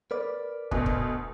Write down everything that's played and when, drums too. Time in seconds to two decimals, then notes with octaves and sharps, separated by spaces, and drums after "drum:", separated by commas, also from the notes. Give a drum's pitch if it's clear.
0.11 A#4 B4 D5
0.71 D2 B2, drum: kick
0.86 drum: kick